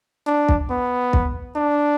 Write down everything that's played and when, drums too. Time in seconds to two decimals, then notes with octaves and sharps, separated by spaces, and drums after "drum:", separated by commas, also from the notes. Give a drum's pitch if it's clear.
0.27 D4
0.49 drum: kick
0.70 B3
1.13 drum: kick
1.56 D4